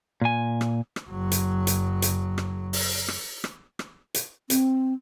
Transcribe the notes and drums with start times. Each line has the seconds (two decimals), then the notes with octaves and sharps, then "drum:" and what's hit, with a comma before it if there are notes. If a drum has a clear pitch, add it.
0.21 A#2 G#5
0.61 drum: rim click
0.96 drum: rim click
1.10 F#1 F#3
1.32 drum: hi-hat
1.67 drum: hi-hat
2.02 drum: hi-hat
2.38 drum: rim click
2.73 drum: open hi-hat
3.08 drum: rim click
3.44 drum: rim click
3.79 drum: rim click
4.14 drum: hi-hat
4.50 C4, drum: hi-hat